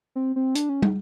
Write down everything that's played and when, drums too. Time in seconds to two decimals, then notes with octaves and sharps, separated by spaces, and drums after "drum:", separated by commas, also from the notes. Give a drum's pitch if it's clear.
0.16 C4
0.36 C4
0.55 D4, drum: hi-hat
0.69 C#4
0.82 drum: tom